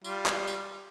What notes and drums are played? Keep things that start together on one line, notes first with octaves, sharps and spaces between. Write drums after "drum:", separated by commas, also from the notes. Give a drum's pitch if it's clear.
G3 F4, drum: tambourine
drum: clap
drum: tambourine